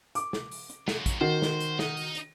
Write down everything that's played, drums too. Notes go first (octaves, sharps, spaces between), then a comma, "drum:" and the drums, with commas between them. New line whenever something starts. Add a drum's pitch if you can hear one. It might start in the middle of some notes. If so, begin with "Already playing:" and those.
D6, drum: hi-hat
drum: snare
drum: open hi-hat
drum: hi-hat
D#2 F#3, drum: snare
drum: kick, hi-hat
D#3 F#4 C5 C7
drum: snare
drum: hi-hat
D#4 D#5, drum: snare
drum: open hi-hat
drum: hi-hat